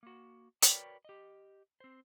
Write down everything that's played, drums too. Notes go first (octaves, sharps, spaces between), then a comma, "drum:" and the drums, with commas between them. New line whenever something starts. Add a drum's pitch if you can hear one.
A#3 F#4
F#4 A#4 B4 C#5 D5 G5, drum: hi-hat
G4 D#5
C4 C5